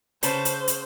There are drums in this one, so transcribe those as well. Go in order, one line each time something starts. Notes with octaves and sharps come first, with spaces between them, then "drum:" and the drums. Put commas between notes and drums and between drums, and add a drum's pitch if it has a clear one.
C#3 B4 C5 A5, drum: hi-hat
drum: hi-hat
drum: hi-hat